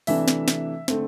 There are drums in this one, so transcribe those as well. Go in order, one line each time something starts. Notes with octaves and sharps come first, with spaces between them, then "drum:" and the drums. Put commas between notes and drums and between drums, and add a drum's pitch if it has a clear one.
C3 E3 A3 D4 E5, drum: open hi-hat
drum: snare
drum: snare
D3 A3 C4, drum: snare